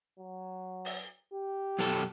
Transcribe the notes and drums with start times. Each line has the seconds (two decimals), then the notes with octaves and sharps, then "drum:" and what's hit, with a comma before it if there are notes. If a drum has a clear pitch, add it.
0.19 F#3
0.85 drum: open hi-hat
1.33 G4
1.79 F#2 B2 A4, drum: hi-hat